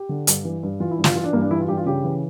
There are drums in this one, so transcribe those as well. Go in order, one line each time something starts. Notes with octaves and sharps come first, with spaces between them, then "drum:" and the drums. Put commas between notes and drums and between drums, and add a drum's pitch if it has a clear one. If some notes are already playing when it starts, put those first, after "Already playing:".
Already playing: G4
D3
G2, drum: hi-hat
E3
G2
E3 F4
E4
G2
F4, drum: snare
E3 F4
D4
G2 A#3
D4
E3 E4
F4
G2 G4
F4
C#3 G4
E3